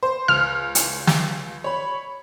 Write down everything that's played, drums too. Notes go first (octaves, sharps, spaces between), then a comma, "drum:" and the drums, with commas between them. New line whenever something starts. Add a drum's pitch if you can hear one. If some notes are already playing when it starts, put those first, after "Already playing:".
C5
C#2 F6
drum: hi-hat
drum: snare
C#5 B5